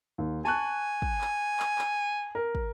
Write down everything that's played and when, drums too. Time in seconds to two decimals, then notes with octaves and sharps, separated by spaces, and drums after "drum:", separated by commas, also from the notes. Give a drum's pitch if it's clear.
0.18 D#2
0.45 G#5 A5 C#6 F#6
1.02 drum: kick
1.21 drum: clap
1.59 drum: clap
1.78 drum: clap
2.35 A#4
2.55 drum: kick